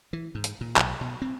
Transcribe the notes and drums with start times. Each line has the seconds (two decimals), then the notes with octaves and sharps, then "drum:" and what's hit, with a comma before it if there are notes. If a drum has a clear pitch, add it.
0.13 E3
0.35 G#2
0.44 drum: hi-hat
0.61 A#2
0.77 B1, drum: clap
1.01 B2
1.22 C4